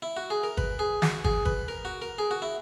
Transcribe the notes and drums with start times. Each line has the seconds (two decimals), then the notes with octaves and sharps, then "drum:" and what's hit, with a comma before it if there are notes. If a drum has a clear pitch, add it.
0.02 E4
0.17 F#4
0.30 G#4
0.43 A#4
0.57 B4, drum: kick
0.79 G#4
1.02 F#4, drum: snare
1.24 G#4, drum: kick
1.45 B4, drum: kick
1.68 A#4
1.85 F#4
2.02 A#4
2.18 G#4
2.31 F#4
2.42 E4